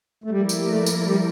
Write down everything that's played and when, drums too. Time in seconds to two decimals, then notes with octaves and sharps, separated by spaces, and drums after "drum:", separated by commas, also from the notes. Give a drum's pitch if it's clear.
0.24 A3
0.30 F3 G3 A#3 E4 A#4 D5
0.49 drum: tambourine
0.68 A3
0.86 drum: tambourine
1.05 G3